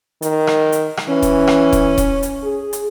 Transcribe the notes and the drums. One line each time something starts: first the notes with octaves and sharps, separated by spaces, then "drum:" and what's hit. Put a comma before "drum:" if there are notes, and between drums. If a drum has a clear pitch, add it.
D#3, drum: hi-hat
drum: rim click
drum: hi-hat
drum: rim click
E3 C#4
drum: kick D#1, hi-hat
drum: rim click
drum: kick D#1, hi-hat
drum: kick D#1, hi-hat
drum: hi-hat
G#4
drum: hi-hat